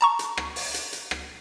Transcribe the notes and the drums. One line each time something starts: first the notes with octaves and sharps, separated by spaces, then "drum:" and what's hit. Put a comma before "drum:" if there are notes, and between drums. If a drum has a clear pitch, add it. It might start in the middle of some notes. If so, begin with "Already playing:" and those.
A5 A#5 C#6
drum: hi-hat
drum: rim click
drum: open hi-hat
drum: hi-hat
drum: hi-hat
drum: rim click